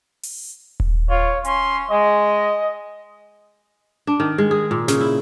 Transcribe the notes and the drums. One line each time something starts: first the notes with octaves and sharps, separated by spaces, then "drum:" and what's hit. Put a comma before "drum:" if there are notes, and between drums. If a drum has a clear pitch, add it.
drum: open hi-hat
drum: kick D#1
F4 C#5
C#4 C6, drum: hi-hat
G#3 D#5
D4
D#3
G#3
G#4
A#2
C#3, drum: snare
E4